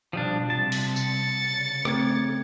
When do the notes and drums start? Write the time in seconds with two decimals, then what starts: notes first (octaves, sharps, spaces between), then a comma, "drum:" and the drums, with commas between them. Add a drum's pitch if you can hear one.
0.13 B2 F3 G3 D4 D#6
0.50 C3 G3 A5
0.72 drum: open hi-hat
0.96 A6 C#7, drum: tambourine
1.49 C#3
1.85 A3 C4 G#6, drum: rim click